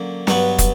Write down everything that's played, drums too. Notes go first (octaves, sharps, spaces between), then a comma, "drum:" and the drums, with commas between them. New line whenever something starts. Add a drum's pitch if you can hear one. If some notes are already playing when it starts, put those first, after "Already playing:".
Already playing: D3 F#3 A#3 C#4
G2 F#3 B3 F#4, drum: snare
drum: kick, hi-hat